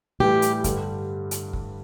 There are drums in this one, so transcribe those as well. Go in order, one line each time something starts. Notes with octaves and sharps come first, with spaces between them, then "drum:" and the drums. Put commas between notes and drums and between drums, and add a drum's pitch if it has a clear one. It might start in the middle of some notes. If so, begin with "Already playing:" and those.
A2 E3 G3 G4
drum: hi-hat
G2 D3 G3, drum: kick, hi-hat
drum: hi-hat
drum: kick